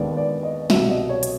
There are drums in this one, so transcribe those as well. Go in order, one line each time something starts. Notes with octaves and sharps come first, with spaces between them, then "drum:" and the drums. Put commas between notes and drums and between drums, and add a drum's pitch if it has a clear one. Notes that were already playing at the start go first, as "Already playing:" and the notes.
Already playing: D#2 D#3 G#3 B3 D4 D5
D5
D#5
C2 B2 F#3 E5, drum: snare
D#5
C#5
drum: hi-hat